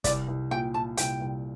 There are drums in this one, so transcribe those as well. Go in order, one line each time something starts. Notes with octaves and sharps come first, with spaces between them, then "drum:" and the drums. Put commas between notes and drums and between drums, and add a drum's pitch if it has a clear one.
C2 D5, drum: kick, hi-hat
C2
A#2 G5
A#2 A5
C2 G5, drum: hi-hat
C2